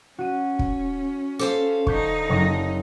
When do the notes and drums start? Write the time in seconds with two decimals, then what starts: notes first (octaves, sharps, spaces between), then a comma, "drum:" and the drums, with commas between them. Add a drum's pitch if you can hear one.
0.18 C#4 F#4 D#7
0.59 drum: kick
1.39 A4 C5 F5 D6
1.87 D3 D#4 C#6 G6 B6, drum: kick
2.29 F#1 C#6 A#6